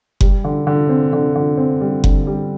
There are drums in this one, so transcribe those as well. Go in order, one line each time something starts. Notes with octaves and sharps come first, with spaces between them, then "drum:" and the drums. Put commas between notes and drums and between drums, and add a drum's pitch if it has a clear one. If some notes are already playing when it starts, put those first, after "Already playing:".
G3, drum: kick F#1
D3
D3
C4
D3
D3
C4
G3
D3, drum: kick F#1
G3